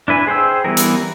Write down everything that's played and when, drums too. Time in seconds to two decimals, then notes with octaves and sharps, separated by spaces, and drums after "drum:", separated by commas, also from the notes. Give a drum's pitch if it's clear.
0.08 D4 E4 B4 G#5
0.27 G#4 C5 G5 E6
0.64 E3 G3 B3 E4 A#4
0.77 drum: hi-hat